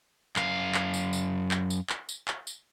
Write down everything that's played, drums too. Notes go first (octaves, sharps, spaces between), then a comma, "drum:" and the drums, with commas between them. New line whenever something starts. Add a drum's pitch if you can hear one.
F#2 F5, drum: clap
drum: clap
drum: tambourine
drum: tambourine
drum: clap
drum: tambourine
drum: clap
drum: tambourine
drum: clap
drum: tambourine